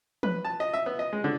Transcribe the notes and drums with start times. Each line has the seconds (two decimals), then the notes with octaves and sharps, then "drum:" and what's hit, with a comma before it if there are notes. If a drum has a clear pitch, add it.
0.23 B4, drum: tom E3
0.45 A5
0.60 D#5
0.74 E5
0.86 B3
0.99 D#5
1.13 G#3
1.24 D3